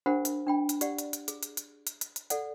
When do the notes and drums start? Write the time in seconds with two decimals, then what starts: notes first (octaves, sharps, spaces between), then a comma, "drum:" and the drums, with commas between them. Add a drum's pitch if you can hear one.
0.06 D4 G4 A#4 C5 F#5 B5
0.25 drum: hi-hat
0.47 D4 G5 B5
0.69 drum: hi-hat
0.81 G4 D5 F#5, drum: hi-hat
0.99 drum: hi-hat
1.13 drum: hi-hat
1.28 G#4, drum: hi-hat
1.43 drum: hi-hat
1.57 drum: hi-hat
1.87 drum: hi-hat
2.01 drum: hi-hat
2.16 drum: hi-hat
2.30 A4 D5 F#5, drum: hi-hat